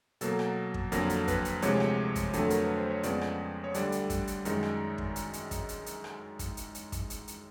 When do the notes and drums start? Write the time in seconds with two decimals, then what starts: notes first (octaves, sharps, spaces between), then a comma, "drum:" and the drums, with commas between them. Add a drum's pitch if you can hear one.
0.21 B2 F#3 A#3 A4, drum: hi-hat
0.39 drum: rim click
0.74 drum: kick
0.92 F2 D3 F#3 A#3 A#4, drum: hi-hat
1.10 drum: hi-hat
1.28 B4, drum: kick, hi-hat
1.45 drum: hi-hat
1.62 D2 C3 F3 G#3 C#5, drum: hi-hat
1.80 drum: rim click
2.15 drum: kick, hi-hat
2.33 F2 D3 F#3 A3, drum: hi-hat
2.50 A#4, drum: hi-hat
2.64 B4
2.77 C5
2.90 C#5
3.03 F2 C#3 F3 G#3 B3 D5, drum: hi-hat
3.21 drum: rim click
3.64 C#5
3.74 D2 D3 G3 D5, drum: hi-hat
3.92 drum: hi-hat
4.10 drum: kick, hi-hat
4.27 drum: hi-hat
4.45 F#2 D#3 G#3, drum: hi-hat
4.63 drum: rim click
4.98 drum: kick
5.16 drum: hi-hat
5.33 drum: hi-hat
5.51 drum: kick, hi-hat
5.69 drum: hi-hat
5.86 drum: hi-hat
6.04 drum: rim click
6.39 drum: kick, hi-hat
6.57 drum: hi-hat
6.75 drum: hi-hat
6.92 drum: kick, hi-hat
7.10 drum: hi-hat
7.28 drum: hi-hat